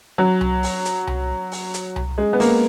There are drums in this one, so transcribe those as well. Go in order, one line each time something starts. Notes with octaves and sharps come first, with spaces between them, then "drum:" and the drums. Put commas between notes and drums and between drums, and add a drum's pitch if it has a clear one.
F#3
drum: tom C2
drum: open hi-hat
drum: hi-hat
drum: tom C2
drum: open hi-hat
drum: hi-hat
drum: tom C2
G#3
B3
A#3, drum: open hi-hat